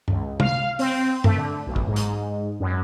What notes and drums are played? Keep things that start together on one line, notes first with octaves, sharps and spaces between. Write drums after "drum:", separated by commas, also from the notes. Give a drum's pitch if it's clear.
C#2, drum: tom G2
F5, drum: tom
C4, drum: open hi-hat
A3, drum: tom G2
D3
B1
drum: kick
G#2
drum: hi-hat
F#2